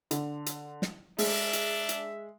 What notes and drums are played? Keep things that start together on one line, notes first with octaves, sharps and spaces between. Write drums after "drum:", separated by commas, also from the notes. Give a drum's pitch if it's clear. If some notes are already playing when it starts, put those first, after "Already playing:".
D3, drum: hi-hat
drum: hi-hat
drum: snare
G#3 D4 E5, drum: open hi-hat
drum: hi-hat
drum: hi-hat